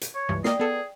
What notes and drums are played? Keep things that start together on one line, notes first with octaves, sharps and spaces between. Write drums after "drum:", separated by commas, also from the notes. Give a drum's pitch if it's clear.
drum: hi-hat
C#5
C#2 G2 E3
A#3 D5 D#5 G5 C7, drum: snare
B3 G#4 A4